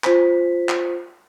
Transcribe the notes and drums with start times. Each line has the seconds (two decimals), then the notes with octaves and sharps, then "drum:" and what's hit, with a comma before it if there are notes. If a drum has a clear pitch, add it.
0.04 F4 C5 B6, drum: clap
0.69 drum: clap